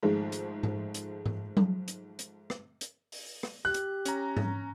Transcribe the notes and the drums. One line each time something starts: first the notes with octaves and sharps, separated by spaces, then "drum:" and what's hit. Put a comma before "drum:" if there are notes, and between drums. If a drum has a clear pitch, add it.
G#2 D#3 F3 G#3 A3
drum: hi-hat
drum: tom G#2
drum: hi-hat
drum: tom G#2
drum: tom F#3
drum: hi-hat
drum: hi-hat
drum: rim click
drum: hi-hat
drum: open hi-hat
drum: rim click
G4 F#6
drum: hi-hat
C#4 A#5, drum: hi-hat
drum: tom G#2